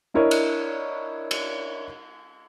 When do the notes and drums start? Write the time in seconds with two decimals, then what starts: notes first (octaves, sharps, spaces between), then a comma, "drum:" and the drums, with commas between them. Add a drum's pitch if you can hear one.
0.14 D4 E4 A#4 C#5 D#5
0.31 drum: cymbal
1.31 drum: cymbal